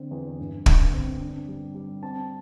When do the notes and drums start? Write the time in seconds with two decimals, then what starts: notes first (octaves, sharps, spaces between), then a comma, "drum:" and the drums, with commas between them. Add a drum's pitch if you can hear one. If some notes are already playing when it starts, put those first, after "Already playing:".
Already playing: D3 C4 D4
0.11 E2
0.39 G2
0.66 D3, drum: kick
0.93 C4
1.20 D4
1.48 G3
1.75 G3
2.03 C4 A5